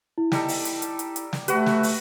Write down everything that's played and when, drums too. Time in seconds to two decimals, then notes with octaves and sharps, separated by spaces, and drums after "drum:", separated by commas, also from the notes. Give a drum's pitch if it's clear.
0.18 E4
0.32 G3 D#4 A4, drum: snare
0.48 drum: open hi-hat
0.65 drum: hi-hat
0.82 drum: hi-hat
0.99 drum: hi-hat
1.16 drum: hi-hat
1.33 drum: snare
1.48 A3 F#4 G4 B4, drum: hi-hat
1.66 drum: snare
1.83 drum: open hi-hat